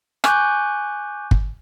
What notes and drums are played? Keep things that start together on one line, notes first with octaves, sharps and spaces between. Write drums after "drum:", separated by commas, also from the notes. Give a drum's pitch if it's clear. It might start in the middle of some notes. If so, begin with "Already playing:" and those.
G#5 C#6 D6 F#6 G6, drum: rim click
drum: kick